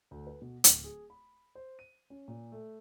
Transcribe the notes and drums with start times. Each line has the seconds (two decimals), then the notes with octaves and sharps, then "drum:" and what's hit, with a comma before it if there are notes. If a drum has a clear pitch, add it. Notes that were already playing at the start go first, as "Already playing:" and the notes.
0.11 D2
0.27 B4
0.42 B2
0.64 D1, drum: hi-hat
0.84 G#4
1.10 B5
1.55 C5
1.79 D#7
2.10 C#4
2.28 A#2
2.52 A3